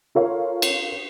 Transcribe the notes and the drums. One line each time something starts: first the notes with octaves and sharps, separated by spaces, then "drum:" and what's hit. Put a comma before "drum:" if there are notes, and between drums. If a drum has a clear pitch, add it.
F4 A4 A#4 C#5 F5
drum: cymbal